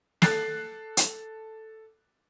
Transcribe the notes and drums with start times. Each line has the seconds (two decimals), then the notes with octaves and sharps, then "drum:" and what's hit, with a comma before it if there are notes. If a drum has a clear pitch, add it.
0.22 A4 F#6 A6 C7, drum: snare
0.97 drum: hi-hat